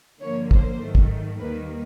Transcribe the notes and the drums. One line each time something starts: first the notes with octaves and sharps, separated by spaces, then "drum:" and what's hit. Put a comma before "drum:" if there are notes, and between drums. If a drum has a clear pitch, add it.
G2 D3 F3 A#3 C#5
C5, drum: kick
G#2 D#3 F#3 A3
drum: kick
D#2 D#3 G3 A#3 B4